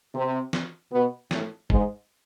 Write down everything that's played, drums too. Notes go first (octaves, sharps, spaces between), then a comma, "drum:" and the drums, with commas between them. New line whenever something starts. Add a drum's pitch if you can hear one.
C3 C4
drum: snare
B2 B3
A2 A3, drum: snare
G#2 G#3, drum: kick